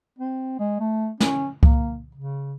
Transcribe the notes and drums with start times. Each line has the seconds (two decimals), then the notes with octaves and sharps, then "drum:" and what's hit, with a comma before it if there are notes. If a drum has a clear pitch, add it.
0.18 C4
0.59 G#3
0.80 A3
1.20 C#4, drum: snare
1.63 A#3, drum: kick C2
2.15 C#3